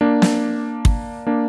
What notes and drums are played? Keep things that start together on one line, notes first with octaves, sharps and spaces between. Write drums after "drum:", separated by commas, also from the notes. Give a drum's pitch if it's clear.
A#3 D4
drum: snare
drum: kick
A#3 D4